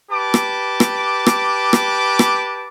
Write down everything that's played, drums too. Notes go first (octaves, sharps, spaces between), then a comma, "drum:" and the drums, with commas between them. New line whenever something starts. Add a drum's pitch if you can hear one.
G4 B4 A5 D6
drum: rim click
drum: rim click
drum: rim click
drum: rim click
drum: rim click